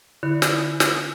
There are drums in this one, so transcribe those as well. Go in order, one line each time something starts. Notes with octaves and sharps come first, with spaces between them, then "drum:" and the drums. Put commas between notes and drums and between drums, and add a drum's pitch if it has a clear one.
D3 E4
drum: snare
drum: snare